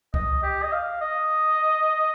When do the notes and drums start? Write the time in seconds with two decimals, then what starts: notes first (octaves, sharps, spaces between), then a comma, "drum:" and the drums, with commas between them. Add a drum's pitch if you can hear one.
0.14 D#5, drum: kick C2
0.43 G4
0.63 D#5
0.72 F5
1.01 D#5